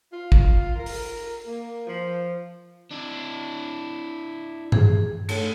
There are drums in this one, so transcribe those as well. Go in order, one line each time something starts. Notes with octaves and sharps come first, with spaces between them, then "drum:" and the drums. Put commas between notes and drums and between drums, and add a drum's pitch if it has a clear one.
F4
drum: kick
A#4
drum: open hi-hat
A#3
F3
D4 E4
G#4, drum: tom G2
A3 A4 C#5, drum: cymbal